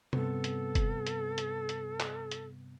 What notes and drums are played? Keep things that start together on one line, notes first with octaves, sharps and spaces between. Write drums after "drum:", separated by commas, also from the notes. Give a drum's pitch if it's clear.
G2 C3 B3 A4, drum: tom
drum: hi-hat
drum: kick, hi-hat
drum: hi-hat
drum: hi-hat
drum: hi-hat
drum: clap
drum: hi-hat